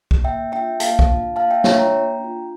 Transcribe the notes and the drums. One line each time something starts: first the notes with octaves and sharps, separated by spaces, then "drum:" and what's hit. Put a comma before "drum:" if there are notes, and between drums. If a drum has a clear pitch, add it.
drum: kick
A#3 E5 G5
D4 F4 E5 G5
A#3 F5 A5, drum: hi-hat
drum: kick
D4 F4
A#3 F5 A5
E5 G5
D4 F4 C#5 E5, drum: snare
G5 A#5
A#3
D4 F4